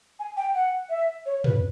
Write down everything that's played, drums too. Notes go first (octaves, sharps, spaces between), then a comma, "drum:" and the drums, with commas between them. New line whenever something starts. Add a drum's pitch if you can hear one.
G#5
G5
F#5
E5
C#5
B4, drum: tom